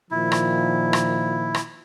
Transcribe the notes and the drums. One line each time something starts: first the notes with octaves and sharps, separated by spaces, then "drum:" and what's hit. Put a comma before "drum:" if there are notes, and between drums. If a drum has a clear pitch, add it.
A#2 D#3 F3 E4
drum: rim click
drum: rim click
drum: rim click